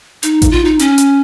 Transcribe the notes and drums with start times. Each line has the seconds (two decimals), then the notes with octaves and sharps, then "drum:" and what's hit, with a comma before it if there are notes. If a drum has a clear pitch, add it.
0.23 D#4, drum: hi-hat
0.42 drum: kick A1, hi-hat
0.51 F4
0.65 D#4
0.79 C#4, drum: hi-hat
0.98 drum: hi-hat